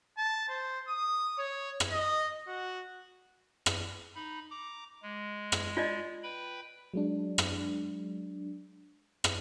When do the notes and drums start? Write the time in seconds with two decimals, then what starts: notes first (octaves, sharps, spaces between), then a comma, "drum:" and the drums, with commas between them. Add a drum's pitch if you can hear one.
0.17 A5
0.48 C5
0.88 D#6
1.38 C#5
1.80 drum: rim click
1.91 D#5
2.47 F#4
3.66 drum: rim click
4.15 D#4 B5
4.50 A#5 D6
5.03 G#3
5.52 drum: rim click
5.77 F4 D5 D#5
6.23 B4 G5 B5
6.94 F#3 G#3 D4
7.38 drum: rim click
9.24 drum: rim click